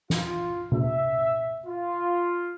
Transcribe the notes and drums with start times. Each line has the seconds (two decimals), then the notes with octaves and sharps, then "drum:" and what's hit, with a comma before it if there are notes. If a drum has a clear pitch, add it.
0.10 F4, drum: snare
0.72 E5, drum: tom C3
1.65 F4